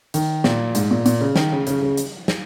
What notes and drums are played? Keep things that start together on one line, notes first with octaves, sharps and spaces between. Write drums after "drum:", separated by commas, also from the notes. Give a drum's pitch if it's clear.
D#3, drum: hi-hat
A#2, drum: snare
G#2, drum: hi-hat
A#2
A#2, drum: hi-hat
C#3
D#3, drum: snare
C#3
C#3, drum: hi-hat
C#3
drum: hi-hat
drum: snare